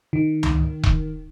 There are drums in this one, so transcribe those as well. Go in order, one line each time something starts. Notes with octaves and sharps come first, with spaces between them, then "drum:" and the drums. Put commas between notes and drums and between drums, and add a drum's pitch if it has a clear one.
D#3
drum: tom C#2
drum: kick E1